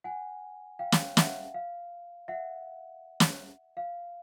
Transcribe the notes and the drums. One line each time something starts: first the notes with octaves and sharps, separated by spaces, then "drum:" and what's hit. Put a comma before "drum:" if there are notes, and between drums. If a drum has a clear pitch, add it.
F#5 G#5
F5 G5
drum: snare
E5 F#5, drum: snare
F5
E5 F#5
drum: snare
F5